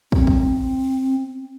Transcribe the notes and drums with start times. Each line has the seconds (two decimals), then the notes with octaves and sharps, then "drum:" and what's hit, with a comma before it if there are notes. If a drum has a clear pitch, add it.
0.12 C4, drum: kick
0.27 drum: kick